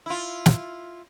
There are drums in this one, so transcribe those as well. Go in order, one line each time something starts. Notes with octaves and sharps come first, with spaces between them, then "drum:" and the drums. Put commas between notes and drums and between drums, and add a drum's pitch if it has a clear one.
E4 F4
drum: snare